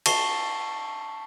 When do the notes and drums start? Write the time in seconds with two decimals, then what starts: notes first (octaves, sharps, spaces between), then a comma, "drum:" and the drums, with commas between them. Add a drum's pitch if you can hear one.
0.06 A5 C#6 C7 G7, drum: cymbal